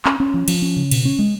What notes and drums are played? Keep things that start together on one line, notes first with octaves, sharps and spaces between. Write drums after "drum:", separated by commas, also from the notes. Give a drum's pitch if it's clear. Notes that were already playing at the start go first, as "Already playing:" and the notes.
C#4, drum: clap
C#4
F3
F3, drum: cymbal
C#4
C#3
B2, drum: cymbal
C#4
G#3